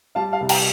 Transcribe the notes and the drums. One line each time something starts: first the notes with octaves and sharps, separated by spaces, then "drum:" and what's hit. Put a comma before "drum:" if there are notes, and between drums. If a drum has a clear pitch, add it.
G3 F5 A5
F5 A5
C2
G5 A#5, drum: cymbal